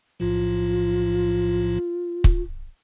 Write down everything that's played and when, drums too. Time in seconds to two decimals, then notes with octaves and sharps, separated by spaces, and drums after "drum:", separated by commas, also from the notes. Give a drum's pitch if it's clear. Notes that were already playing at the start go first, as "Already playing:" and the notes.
0.20 B1 A2 F3 F4
2.24 drum: kick C#1